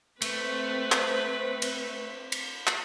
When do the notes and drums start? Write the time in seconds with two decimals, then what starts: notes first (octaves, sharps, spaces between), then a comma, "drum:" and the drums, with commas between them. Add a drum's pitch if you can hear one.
0.22 A3 C4 B4, drum: cymbal
0.92 drum: clap
1.62 drum: cymbal
2.32 drum: cymbal
2.67 drum: clap